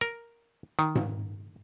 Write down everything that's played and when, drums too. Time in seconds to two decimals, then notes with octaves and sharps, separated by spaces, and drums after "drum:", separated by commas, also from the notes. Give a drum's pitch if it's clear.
0.01 A#4
0.79 D#3
0.95 drum: tom G#2